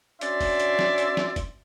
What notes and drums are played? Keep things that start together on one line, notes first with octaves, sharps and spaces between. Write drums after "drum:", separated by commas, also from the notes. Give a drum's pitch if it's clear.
C#4 D4 F#4 D5 E5 C6, drum: hi-hat
drum: kick, open hi-hat
drum: hi-hat
drum: snare
drum: hi-hat
drum: snare
drum: kick, hi-hat